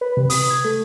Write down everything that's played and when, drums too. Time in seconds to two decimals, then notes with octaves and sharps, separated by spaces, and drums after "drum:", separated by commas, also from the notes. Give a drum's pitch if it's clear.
0.01 B4
0.17 C3
0.30 D#6, drum: open hi-hat
0.50 G#6
0.64 A3